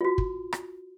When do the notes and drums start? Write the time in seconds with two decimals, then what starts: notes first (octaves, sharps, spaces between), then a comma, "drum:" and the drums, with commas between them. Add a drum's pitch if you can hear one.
0.01 F4 F#4
0.18 drum: kick
0.53 drum: rim click